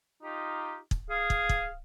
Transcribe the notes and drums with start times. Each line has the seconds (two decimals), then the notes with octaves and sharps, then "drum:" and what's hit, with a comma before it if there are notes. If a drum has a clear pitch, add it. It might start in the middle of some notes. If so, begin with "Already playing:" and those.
0.23 D#4 F4 G4
0.91 drum: kick
1.11 G#4 F5
1.30 drum: kick
1.49 drum: kick